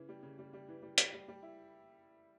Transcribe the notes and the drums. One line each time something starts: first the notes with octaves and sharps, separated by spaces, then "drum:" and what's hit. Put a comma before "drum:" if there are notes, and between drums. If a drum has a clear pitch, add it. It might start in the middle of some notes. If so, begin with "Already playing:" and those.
Already playing: C#3 E3
G3
C#3
G3
G3
E3
G3
G3, drum: hi-hat
G3
G3
E4